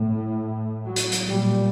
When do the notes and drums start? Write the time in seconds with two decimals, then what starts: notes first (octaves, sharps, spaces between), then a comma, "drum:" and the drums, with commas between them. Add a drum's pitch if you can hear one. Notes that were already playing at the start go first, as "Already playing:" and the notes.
Already playing: A2
0.84 F#3
0.96 drum: hi-hat
1.12 drum: hi-hat
1.27 A#2 G3